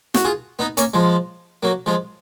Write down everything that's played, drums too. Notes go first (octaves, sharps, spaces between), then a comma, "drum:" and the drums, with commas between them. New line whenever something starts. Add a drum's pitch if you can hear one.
F#4, drum: snare
F4 G#4
B3 D#4
A#3 C#4, drum: hi-hat
F3 G#3
F#3 A#3
F3 G#3